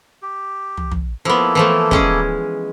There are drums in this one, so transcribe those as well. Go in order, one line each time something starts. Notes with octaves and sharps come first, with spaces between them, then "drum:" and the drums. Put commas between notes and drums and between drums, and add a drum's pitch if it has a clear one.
G4
drum: tom
drum: tom
F3 A#3 B3 E4 A4
E3 F3 A3
G#3 C#4 G#4, drum: kick